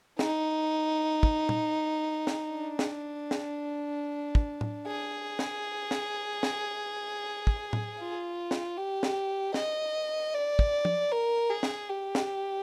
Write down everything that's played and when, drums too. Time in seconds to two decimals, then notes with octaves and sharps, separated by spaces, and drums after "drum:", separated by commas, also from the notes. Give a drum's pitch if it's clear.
0.19 D#4, drum: snare
1.23 drum: kick
1.49 drum: tom
2.27 drum: snare
2.52 D4
2.79 drum: snare
3.31 drum: snare
4.35 drum: kick
4.61 drum: tom A2
4.87 G#4
5.39 drum: snare
5.91 drum: snare
6.43 drum: snare
7.47 drum: kick
7.73 drum: tom A2
7.99 F4
8.51 drum: snare
8.77 G4
9.03 drum: snare
9.54 D#5, drum: snare
10.34 D5
10.59 drum: kick
10.85 drum: tom
11.12 A#4
11.49 G#4
11.63 drum: snare
11.89 G4
12.15 drum: snare